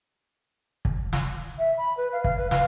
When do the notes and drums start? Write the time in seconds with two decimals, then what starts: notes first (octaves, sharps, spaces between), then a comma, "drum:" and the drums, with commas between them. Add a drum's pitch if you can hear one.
0.85 drum: kick
1.13 drum: snare
1.58 E5
1.77 B5
1.97 B4
2.13 F5
2.24 F5, drum: kick
2.38 B4
2.51 F5, drum: snare